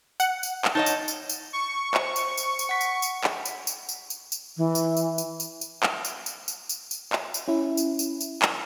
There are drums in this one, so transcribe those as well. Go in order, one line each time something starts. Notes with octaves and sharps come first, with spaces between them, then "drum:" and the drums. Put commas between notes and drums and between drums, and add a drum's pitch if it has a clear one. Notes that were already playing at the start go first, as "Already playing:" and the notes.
F#5, drum: tambourine
drum: tambourine
drum: clap
D#4 C#5 D#5 A5
drum: tambourine
drum: tambourine
drum: tambourine
C#6
C5, drum: clap
drum: tambourine
drum: tambourine
drum: tambourine
F#5 B6
drum: tambourine
drum: tambourine
drum: clap
drum: tambourine
drum: tambourine
drum: tambourine
drum: tambourine
drum: tambourine
E3
drum: tambourine
drum: tambourine
drum: tambourine
drum: tambourine
drum: tambourine
drum: clap
drum: tambourine
drum: tambourine
drum: tambourine
drum: tambourine
drum: tambourine
drum: clap
drum: tambourine
C#4 E4
drum: tambourine
drum: tambourine
drum: tambourine
drum: clap